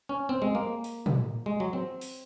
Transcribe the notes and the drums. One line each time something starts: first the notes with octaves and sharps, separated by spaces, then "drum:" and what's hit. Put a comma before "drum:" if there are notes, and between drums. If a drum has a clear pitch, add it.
C#4
C4
G#3
A#3
drum: open hi-hat
drum: tom
G#3
F#3
C4
drum: open hi-hat